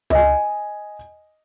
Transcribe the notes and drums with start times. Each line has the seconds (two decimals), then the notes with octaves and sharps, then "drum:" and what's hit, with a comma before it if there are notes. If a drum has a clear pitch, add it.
0.10 D#5 G#5, drum: tom C#2